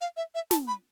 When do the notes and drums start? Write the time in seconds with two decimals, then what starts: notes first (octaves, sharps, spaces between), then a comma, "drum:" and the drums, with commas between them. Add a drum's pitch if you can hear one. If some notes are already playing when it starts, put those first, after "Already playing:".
0.01 F5
0.17 E5
0.35 E5
0.51 A5, drum: snare
0.68 B5